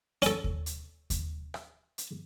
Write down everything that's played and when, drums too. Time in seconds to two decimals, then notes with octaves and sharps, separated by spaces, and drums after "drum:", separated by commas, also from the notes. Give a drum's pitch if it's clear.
0.22 C#4 A4, drum: hi-hat
0.44 drum: kick D#2
0.66 drum: hi-hat
1.10 drum: kick D#2, hi-hat
1.54 drum: rim click
1.98 drum: hi-hat